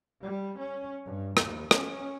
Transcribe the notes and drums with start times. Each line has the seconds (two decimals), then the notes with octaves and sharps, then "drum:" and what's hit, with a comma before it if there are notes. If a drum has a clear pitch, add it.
0.23 G3
0.58 C#4
1.05 G2
1.37 D#2, drum: rim click
1.71 C#4, drum: rim click